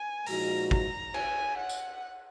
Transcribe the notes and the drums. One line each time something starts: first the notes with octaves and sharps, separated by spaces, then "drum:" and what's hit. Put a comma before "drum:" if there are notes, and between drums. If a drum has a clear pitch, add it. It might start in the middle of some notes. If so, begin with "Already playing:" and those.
Already playing: G#5
A#2 F3 G#3 D#4 F#4 A#5, drum: open hi-hat
A#5, drum: kick
G#5, drum: cymbal
F#5
drum: tambourine